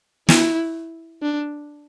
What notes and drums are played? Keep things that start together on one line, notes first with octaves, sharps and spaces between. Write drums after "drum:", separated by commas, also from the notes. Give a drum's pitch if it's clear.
E4, drum: snare
D4